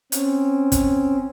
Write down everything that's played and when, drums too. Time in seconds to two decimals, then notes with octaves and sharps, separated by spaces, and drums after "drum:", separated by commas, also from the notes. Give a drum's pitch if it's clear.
0.12 C4 C#4, drum: hi-hat
0.72 drum: kick, hi-hat